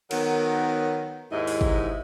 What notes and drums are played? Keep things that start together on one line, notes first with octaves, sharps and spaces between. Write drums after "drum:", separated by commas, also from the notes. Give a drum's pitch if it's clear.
D#3 F#3 B3 A#4, drum: cymbal
D#2 G#2 E4 D#5
drum: open hi-hat
drum: kick